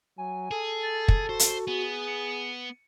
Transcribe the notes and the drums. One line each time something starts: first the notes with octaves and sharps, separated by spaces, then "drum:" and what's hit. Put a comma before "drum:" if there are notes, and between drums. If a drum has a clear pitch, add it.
F#3 G#5
G#4 A4
A6
drum: kick
F#4 C5
drum: hi-hat
B3 G#4
C#7